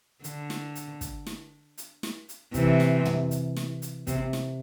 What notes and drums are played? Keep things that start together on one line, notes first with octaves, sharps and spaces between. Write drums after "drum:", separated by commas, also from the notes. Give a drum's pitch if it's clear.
D3, drum: hi-hat
drum: snare
drum: hi-hat
drum: kick, hi-hat
drum: snare
drum: hi-hat
drum: snare
drum: hi-hat
C3 E3, drum: kick, hi-hat
drum: snare
drum: tom
drum: hi-hat
drum: snare
drum: hi-hat
C3, drum: kick, hi-hat
drum: snare